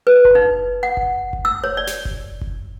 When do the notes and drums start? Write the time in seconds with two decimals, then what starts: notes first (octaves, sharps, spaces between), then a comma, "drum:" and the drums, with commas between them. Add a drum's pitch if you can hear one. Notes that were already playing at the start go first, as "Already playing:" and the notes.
0.07 B4
0.25 drum: kick F#1
0.35 D#4
0.83 F#5
0.97 drum: kick F#1
1.33 drum: kick F#1
1.45 E6
1.64 C#5
1.77 D5
1.87 drum: snare
2.05 drum: kick F#1
2.41 drum: kick F#1